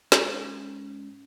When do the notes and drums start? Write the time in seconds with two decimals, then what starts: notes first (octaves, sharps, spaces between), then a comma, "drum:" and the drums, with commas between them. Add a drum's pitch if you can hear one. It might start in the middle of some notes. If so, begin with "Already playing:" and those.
0.12 G#2 C#4 C#5 A#5, drum: snare